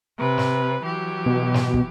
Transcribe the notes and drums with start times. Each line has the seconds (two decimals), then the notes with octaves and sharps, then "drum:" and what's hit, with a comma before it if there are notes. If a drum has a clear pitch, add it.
0.18 C3 B4
0.38 drum: snare
0.82 E3 F#3 G4
1.26 B2
1.54 drum: snare
1.74 drum: kick